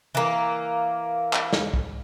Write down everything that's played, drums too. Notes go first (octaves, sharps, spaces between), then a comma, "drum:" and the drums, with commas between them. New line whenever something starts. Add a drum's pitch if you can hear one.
E3 A#3
drum: clap
drum: snare
drum: kick